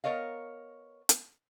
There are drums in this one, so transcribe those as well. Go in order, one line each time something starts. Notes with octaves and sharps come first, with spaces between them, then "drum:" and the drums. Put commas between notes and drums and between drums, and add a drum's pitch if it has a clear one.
B3 A#4 C#5 D#5 F5
drum: hi-hat